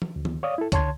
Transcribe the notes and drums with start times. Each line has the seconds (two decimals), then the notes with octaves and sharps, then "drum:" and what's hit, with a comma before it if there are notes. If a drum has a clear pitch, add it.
0.02 drum: tom E3
0.16 D2
0.25 drum: tom D#3
0.43 C#5 D5 F5 D#6
0.58 E4 A4
0.72 D3 C#5 A5 C6 G#6, drum: kick C#2, hi-hat